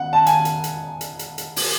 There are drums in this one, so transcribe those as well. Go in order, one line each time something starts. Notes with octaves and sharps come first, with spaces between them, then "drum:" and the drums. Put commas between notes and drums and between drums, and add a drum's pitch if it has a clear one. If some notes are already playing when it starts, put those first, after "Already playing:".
Already playing: F#5
A5
G#5, drum: hi-hat
drum: hi-hat
drum: hi-hat
drum: hi-hat
drum: hi-hat
drum: hi-hat
drum: open hi-hat